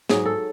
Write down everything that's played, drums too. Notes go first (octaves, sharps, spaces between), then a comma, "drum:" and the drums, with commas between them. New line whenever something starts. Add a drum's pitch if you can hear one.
G#2 F#3 G#4, drum: snare
A4